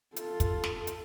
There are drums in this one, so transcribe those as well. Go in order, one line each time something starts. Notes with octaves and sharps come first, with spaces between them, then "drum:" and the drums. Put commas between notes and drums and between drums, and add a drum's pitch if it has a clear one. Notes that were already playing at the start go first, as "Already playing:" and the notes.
F4 A4, drum: hi-hat
drum: kick, hi-hat
drum: snare
drum: hi-hat